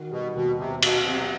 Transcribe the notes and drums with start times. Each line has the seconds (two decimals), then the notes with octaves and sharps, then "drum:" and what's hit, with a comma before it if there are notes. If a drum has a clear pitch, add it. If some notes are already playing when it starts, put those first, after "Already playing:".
Already playing: D#3 F#4
0.11 B2 G3
0.35 D#2 B2
0.59 C3 B3
0.82 B2 F#3, drum: cymbal
1.06 C3 C4